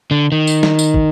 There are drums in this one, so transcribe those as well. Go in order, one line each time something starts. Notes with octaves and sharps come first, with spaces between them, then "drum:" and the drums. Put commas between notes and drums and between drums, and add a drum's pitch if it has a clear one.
D3
D#3
drum: tambourine
drum: snare
drum: tambourine
drum: kick